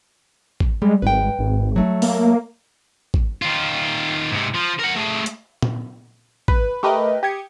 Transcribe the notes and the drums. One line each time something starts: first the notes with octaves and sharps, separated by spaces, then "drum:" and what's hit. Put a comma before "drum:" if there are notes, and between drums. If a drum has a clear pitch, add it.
drum: kick
G3 G#3
G#1 B4 G5
G#1
F#3 A3
A#3, drum: open hi-hat
drum: kick
D#3 F4
G#2 C3
F3
A#4 F#5
A3 G#4
drum: hi-hat
drum: tom A#2
B4, drum: kick
A3 G4 A#4 B4 D#5
G4 D#6 G#6 C#7